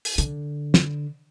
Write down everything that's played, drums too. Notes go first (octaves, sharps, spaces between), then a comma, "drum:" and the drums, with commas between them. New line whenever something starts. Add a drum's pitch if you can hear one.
drum: open hi-hat
D3, drum: hi-hat
drum: snare